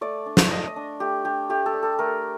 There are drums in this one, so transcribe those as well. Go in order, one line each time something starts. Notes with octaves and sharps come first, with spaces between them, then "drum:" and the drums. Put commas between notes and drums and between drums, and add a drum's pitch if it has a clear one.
A3 D5
D4
drum: snare
A3 D#5
D#5
D4
A3 G4
D4 G4
A3 G4
A4
D4
A4
A3 A#4